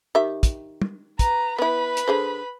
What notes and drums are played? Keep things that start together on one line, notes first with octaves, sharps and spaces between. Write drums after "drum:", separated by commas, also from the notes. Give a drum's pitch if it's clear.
D#3 G4 E5
drum: kick, hi-hat
drum: tom
B4 A#5, drum: kick, hi-hat
B3 E4 B4 B5
drum: hi-hat
D3 G#4 C5